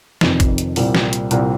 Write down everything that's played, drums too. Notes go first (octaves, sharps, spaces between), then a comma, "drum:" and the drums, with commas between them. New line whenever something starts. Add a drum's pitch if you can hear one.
F1 F2 C3 D#3, drum: snare
drum: kick, hi-hat
drum: hi-hat
C2 A#2 G3 C4, drum: open hi-hat
drum: snare
drum: hi-hat
C2 A#2 G3 C4, drum: hi-hat